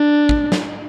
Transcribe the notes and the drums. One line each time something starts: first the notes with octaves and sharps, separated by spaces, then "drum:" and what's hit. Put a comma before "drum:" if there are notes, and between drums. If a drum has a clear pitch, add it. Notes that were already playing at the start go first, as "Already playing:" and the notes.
Already playing: D4
drum: kick
drum: snare